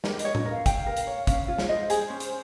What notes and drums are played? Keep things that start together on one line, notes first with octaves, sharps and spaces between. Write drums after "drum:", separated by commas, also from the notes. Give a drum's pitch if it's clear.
G4 A#4, drum: snare
D#5, drum: hi-hat
C#5
D#5, drum: tom A2
A#4 F5
G5, drum: kick, hi-hat
A#4
drum: hi-hat
C#5
C#4 F5, drum: kick, hi-hat
F4 C#5
drum: snare
C5 D#5
G#4, drum: hi-hat
C#4
drum: hi-hat